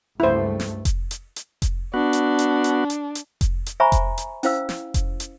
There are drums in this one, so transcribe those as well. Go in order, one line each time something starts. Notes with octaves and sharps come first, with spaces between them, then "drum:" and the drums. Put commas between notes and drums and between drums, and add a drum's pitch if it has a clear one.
C#2 G2 A3 E4 C5
drum: snare
drum: kick F1, hi-hat
drum: hi-hat
drum: hi-hat
drum: kick F1, hi-hat
B3 D4 F#4
drum: hi-hat
drum: hi-hat
drum: hi-hat
drum: hi-hat
drum: hi-hat
drum: kick F1, hi-hat
drum: hi-hat
C5 E5 G#5 A#5 B5 C#6
drum: kick F1, hi-hat
drum: hi-hat
C#4 E4 C5 F5 E6, drum: open hi-hat
drum: snare
drum: kick F1, hi-hat
drum: hi-hat